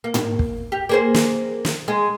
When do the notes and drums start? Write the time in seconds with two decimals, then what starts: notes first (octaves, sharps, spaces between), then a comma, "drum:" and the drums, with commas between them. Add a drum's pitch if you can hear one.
0.04 A#3
0.14 drum: tom
0.39 drum: kick
0.72 G4
0.89 A#3 G#4 C5
1.14 drum: snare
1.65 drum: snare
1.88 G#3